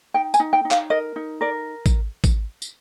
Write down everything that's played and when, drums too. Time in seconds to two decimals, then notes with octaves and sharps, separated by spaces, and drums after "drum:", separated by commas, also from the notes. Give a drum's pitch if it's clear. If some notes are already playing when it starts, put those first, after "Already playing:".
0.14 D#4 G5
0.34 G#5, drum: tambourine
0.40 D#4
0.53 G5
0.65 D#4
0.71 F5, drum: clap
0.90 A#4 D#5
1.16 D#4
1.41 A#4 D5
1.86 drum: kick, tambourine
2.24 drum: kick, tambourine
2.62 drum: tambourine